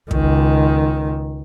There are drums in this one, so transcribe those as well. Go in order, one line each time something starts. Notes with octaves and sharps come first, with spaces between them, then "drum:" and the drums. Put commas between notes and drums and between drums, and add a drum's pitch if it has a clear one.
C#2 D#3, drum: kick